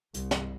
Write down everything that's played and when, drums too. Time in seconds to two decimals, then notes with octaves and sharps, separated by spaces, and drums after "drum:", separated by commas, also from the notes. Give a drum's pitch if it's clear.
0.14 C2, drum: hi-hat
0.31 drum: snare